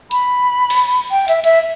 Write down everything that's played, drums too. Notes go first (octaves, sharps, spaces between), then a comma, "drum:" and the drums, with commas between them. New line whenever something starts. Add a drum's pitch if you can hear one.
B5, drum: hi-hat
drum: cymbal
G5
E5, drum: hi-hat
E5, drum: cymbal